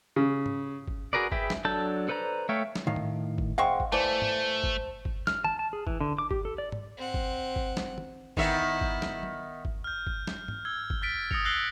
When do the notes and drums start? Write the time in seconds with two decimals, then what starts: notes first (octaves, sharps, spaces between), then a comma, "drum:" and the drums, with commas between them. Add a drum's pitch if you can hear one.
0.16 C#3
0.46 drum: tom G#2
0.88 drum: kick
1.13 F#4 G#4 A#4 B4 D5
1.32 G#4 B4 E5 G5, drum: kick
1.50 drum: snare
1.65 F#3 D4 A4 A5 G6
2.09 A4 B4 C5 D5 A#5
2.49 A3 C#5 E5 F5 G5
2.76 drum: snare
2.87 A2 D#3 F5
2.96 drum: tom G#2
3.38 drum: kick
3.58 G#3 C4 F5 F#5 C#6
3.80 drum: kick
3.92 E3 A3 C5 D5 A5
4.22 drum: tom G#2
4.63 drum: kick
5.05 drum: kick
5.27 F6, drum: snare
5.44 A5, drum: tom
5.59 A5
5.73 G#4
5.87 E3, drum: kick
6.01 D3
6.18 D6
6.31 G4, drum: kick
6.45 A4
6.58 D5
6.72 drum: tom G#2
6.97 C4 F#5
7.14 drum: kick
7.56 drum: kick
7.77 drum: snare
7.98 drum: tom
8.37 D#3 B3 E4 E5, drum: kick
8.81 drum: kick
9.02 drum: snare
9.23 drum: tom
9.65 drum: kick
9.84 F6 G6
10.07 drum: kick
10.27 drum: snare
10.48 drum: tom G#2
10.65 E6 G#6
10.90 drum: kick
11.02 F6 A6 B6 D7
11.31 D#6 A6 A#6 C#7 F7, drum: kick
11.45 E6 F#6 A#6 C7 F#7 G7